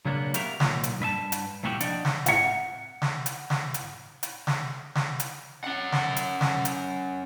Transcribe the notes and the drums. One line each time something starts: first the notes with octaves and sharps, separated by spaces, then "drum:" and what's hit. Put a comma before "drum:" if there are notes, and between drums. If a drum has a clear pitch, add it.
C#3 F#3 A#3 B3 D4
B3 F#4 G4 A#4 E5 F5, drum: hi-hat
B1 A#2, drum: snare
drum: hi-hat
G2 B4 E5 A5
drum: hi-hat
C2 A#2 E3 F#4 G4 G5
F3 D4 D#4 D5 F#5 G5, drum: hi-hat
drum: snare
F#5 C#7, drum: hi-hat
drum: snare
drum: hi-hat
drum: snare
drum: hi-hat
drum: hi-hat
drum: snare
drum: snare
drum: hi-hat
C#4 F#5
drum: snare
drum: hi-hat
drum: snare
drum: hi-hat